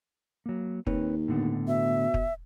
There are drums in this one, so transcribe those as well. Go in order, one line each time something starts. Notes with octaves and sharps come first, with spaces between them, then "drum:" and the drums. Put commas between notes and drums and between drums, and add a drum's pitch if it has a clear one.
F#3 A#3
D#2 C4 B4 C#5, drum: kick
A2 D3 B3
B2 E5
drum: kick